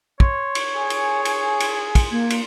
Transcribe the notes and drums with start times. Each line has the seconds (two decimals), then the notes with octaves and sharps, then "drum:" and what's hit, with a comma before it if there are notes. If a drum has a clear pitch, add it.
0.20 C#5 C6, drum: kick
0.55 drum: cymbal
0.75 G#4 G#5
0.90 drum: cymbal
1.25 drum: cymbal
1.60 drum: cymbal
1.95 drum: kick, cymbal
2.11 A#3 G#6
2.30 drum: cymbal